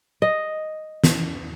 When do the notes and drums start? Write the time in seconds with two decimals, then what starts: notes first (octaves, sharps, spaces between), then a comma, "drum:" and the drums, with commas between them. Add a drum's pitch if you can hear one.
0.22 D#5
1.04 drum: snare